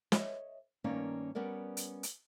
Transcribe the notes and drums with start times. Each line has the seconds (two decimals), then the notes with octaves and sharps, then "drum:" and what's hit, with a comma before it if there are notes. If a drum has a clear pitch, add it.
0.12 C#5 D#5 E5, drum: snare
0.84 G2 D#3 A#3 C#4 D#4 D5
1.35 G3 B3 C#4 A#4 D5
1.77 drum: hi-hat
2.03 drum: hi-hat